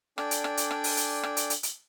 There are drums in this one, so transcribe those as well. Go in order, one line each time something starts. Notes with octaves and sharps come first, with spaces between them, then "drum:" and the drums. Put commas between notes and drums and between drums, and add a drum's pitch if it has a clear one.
D4 A4 D5 G5 G#5, drum: rim click
drum: hi-hat
drum: rim click
drum: hi-hat
drum: rim click
drum: open hi-hat
drum: hi-hat
drum: rim click
drum: hi-hat
drum: hi-hat
drum: hi-hat